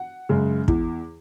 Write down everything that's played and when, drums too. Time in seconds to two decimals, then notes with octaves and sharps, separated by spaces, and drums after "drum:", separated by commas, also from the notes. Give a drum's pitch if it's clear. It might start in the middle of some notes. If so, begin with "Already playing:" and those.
Already playing: F#5
0.29 F#2 C#3 G#3
0.68 E2, drum: kick